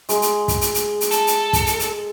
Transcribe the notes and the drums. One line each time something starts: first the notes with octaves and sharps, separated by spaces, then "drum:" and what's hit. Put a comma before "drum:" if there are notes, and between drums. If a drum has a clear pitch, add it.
G#3, drum: hi-hat
drum: hi-hat
drum: kick, hi-hat
drum: hi-hat
drum: hi-hat
drum: hi-hat
A4, drum: hi-hat
drum: hi-hat
drum: kick, hi-hat
drum: hi-hat
drum: hi-hat